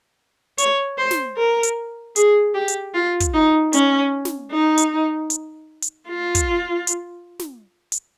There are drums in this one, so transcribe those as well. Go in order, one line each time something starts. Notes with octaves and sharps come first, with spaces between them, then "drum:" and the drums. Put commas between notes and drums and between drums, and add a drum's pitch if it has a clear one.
C#5, drum: hi-hat
C5
drum: snare
A#4
drum: hi-hat
G#4, drum: hi-hat
G4
drum: hi-hat
F4
drum: kick, hi-hat
D#4
C#4, drum: hi-hat
drum: snare
D#4
drum: hi-hat
drum: hi-hat
drum: hi-hat
F4
drum: kick, hi-hat
drum: hi-hat
drum: snare
drum: hi-hat